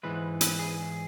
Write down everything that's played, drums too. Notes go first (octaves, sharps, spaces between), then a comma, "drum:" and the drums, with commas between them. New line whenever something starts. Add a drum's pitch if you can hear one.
G#2 E3 G#3 B4
B4, drum: hi-hat
G#4